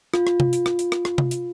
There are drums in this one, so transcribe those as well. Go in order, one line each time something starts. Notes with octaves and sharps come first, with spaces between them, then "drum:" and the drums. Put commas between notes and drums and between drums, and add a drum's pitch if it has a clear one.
F4, drum: rim click
drum: rim click
drum: tom C3
drum: hi-hat
drum: rim click
drum: hi-hat
drum: rim click
drum: rim click
drum: tom C3
drum: hi-hat